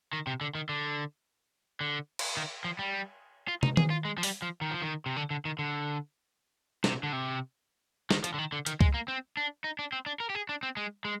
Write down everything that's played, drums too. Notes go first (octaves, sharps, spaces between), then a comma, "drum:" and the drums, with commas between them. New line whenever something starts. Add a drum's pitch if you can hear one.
D#3
C3
D3
D#3
D3
D3
drum: cymbal
D#3
F3
G3
F4
D#4, drum: tom
G#4, drum: tom D#3
F4
G#3
F3
G3, drum: open hi-hat
F3
D#3
F3
D#3
C3
D3
D3
D#3
D3
C3, drum: snare
D3
C3
D#3, drum: snare
F3, drum: hi-hat
D3
D#3
D3
D#3, drum: hi-hat
G#3, drum: kick C#2
A#3
C4
D4
D#4
D4
C4
D4
A#4
G4
G#4
D4
C4
G#3
G#3